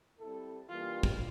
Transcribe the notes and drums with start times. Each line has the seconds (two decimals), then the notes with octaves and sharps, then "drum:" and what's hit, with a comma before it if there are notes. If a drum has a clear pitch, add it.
0.19 G3 C4 E4 A4
0.70 E3 G3 A#3 D4 F4
1.03 drum: kick